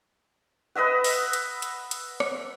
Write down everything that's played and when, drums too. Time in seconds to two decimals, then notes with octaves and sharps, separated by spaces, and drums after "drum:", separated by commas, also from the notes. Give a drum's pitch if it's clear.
0.75 B4 D#5 E5 F#5
1.04 drum: open hi-hat
1.33 drum: hi-hat
1.62 drum: hi-hat
1.91 drum: hi-hat
2.20 drum: rim click